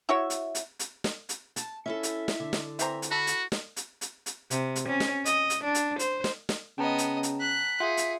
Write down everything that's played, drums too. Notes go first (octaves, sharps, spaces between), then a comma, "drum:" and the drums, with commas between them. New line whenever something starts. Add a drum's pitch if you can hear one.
E4 F#4 C#5 E5
drum: hi-hat
drum: hi-hat
drum: hi-hat
drum: snare
drum: hi-hat
A5, drum: hi-hat
C#4 E4 A4 E5
drum: hi-hat
drum: snare
D3
drum: snare
E3 C4 E5 A#5, drum: hi-hat
drum: hi-hat
F#4 A4 B5
drum: hi-hat
drum: snare
drum: hi-hat
drum: hi-hat
drum: hi-hat
C3, drum: hi-hat
drum: hi-hat
C#4
drum: snare
D#5, drum: hi-hat
drum: hi-hat
D4
drum: hi-hat
C5, drum: hi-hat
drum: snare
drum: snare
C#3 B3 D#5 G5 A5 A#5
drum: hi-hat
drum: hi-hat
F#6 B6
F4 G#4 E5 F#5
drum: hi-hat